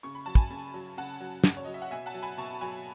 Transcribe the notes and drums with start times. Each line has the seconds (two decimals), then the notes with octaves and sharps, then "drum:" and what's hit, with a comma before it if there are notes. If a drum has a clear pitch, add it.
0.03 C#3 C#6
0.15 B5
0.26 F#3 A5
0.35 G#5 B5, drum: kick
0.50 C#3
0.74 F#3
0.97 C#3 F#5 A5
1.20 F#3
1.44 C#3, drum: snare
1.57 C#5
1.65 F#3 D#5
1.74 E5
1.82 F#5
1.91 B2 E5 G#5
2.06 F#5 A5
2.14 F#3
2.23 G#5 B5
2.37 B2 A5 C#6
2.61 F#3 G#5 B5